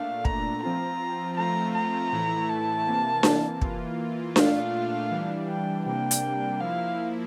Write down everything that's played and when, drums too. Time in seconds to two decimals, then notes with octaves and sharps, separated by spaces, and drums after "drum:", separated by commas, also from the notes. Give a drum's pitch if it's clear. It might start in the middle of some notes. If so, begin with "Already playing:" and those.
Already playing: A#2 A3 D4 F5
0.25 A#5, drum: kick
0.62 F3 C4 F4 A#5
1.37 F3 A3 C4 F4 A#5
1.75 A#5
2.12 A2 E3 A3 E4
2.49 A5
2.87 C3 E3 A#3
3.23 drum: snare D4
3.62 E3 A#3 F4, drum: kick
4.36 A#2 A3 D4 F4 F5, drum: snare D4
5.11 E3 G3 D4
5.48 G5
5.85 C3 G3 A#3 D4 G5
6.11 drum: hi-hat
6.60 F3 A#3 E4 F5